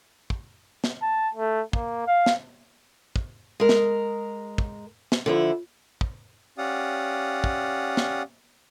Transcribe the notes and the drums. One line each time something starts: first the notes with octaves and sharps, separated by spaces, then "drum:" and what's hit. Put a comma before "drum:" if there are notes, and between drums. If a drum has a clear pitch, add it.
drum: kick
drum: snare
A5
A3
A#3, drum: kick
F5
drum: snare
drum: kick
G#3 A#4
drum: snare
drum: kick
drum: snare
D3 F3 E4
drum: kick
C#4 G4 D5 F5 F#5 D#6
drum: kick
drum: snare